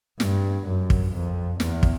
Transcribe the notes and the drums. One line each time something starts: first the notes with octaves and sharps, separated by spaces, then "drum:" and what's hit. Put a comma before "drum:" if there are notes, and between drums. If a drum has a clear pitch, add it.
G2, drum: snare
F#2
drum: kick
F2
E2, drum: snare
drum: kick